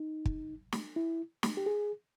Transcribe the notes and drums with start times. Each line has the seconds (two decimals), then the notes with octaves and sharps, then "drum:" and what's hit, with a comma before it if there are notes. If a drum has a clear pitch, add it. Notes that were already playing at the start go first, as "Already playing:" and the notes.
Already playing: D#4
0.25 drum: kick
0.72 drum: snare
0.96 E4
1.43 drum: snare
1.57 G4
1.66 G#4